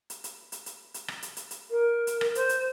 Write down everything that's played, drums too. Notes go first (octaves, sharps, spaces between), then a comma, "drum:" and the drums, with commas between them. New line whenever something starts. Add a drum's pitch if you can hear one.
drum: hi-hat
drum: hi-hat
drum: hi-hat
drum: hi-hat
drum: hi-hat
drum: rim click
drum: hi-hat
drum: hi-hat
drum: hi-hat
A#4
drum: hi-hat
drum: rim click
C5, drum: hi-hat
drum: hi-hat